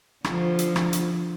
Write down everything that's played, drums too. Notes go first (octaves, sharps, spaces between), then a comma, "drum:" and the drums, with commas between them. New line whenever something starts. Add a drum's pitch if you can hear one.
D3 F3, drum: rim click
drum: hi-hat
drum: rim click
drum: hi-hat